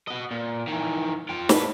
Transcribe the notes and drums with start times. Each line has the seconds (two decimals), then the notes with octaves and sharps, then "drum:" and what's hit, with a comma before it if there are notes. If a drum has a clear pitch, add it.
0.08 F#4 D#5
0.31 A#2
0.67 D#3 E3
1.29 F4 G5
1.49 A2 B4, drum: snare